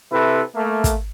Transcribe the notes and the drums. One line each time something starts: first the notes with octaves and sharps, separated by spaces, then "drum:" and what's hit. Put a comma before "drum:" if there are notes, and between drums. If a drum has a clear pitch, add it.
C3 E4 A4 B4
A3 A#3
drum: kick, hi-hat